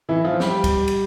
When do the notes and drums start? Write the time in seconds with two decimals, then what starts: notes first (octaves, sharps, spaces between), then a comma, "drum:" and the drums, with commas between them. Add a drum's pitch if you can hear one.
0.09 E3 E4
0.24 F3 F4
0.40 G3 G4, drum: snare
0.64 drum: kick, cymbal
0.88 drum: cymbal